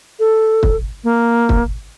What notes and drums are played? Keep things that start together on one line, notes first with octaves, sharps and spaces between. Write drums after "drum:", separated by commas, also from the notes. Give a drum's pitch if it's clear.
A4
drum: kick
A#3
drum: kick